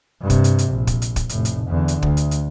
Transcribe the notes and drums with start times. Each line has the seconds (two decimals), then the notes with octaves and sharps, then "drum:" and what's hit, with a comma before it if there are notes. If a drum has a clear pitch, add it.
0.21 G2 C3
0.30 drum: kick, hi-hat
0.44 drum: hi-hat
0.59 drum: hi-hat
0.69 A#1
0.87 drum: kick, hi-hat
1.02 drum: hi-hat
1.16 drum: kick, hi-hat
1.29 F1 A2, drum: hi-hat
1.45 drum: hi-hat
1.68 E2 D3
1.88 drum: hi-hat
2.02 D2, drum: kick
2.17 drum: hi-hat
2.31 drum: hi-hat